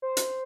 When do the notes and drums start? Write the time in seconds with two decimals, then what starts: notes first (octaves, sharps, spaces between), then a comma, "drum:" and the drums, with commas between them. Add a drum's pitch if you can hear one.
0.02 C5
0.17 drum: hi-hat